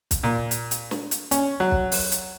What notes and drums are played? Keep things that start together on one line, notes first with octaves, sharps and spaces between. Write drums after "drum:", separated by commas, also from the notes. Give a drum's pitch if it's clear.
drum: kick, hi-hat
A#2
drum: hi-hat
drum: hi-hat
drum: snare
drum: hi-hat
C#4, drum: hi-hat
F#3
drum: kick
drum: open hi-hat
drum: hi-hat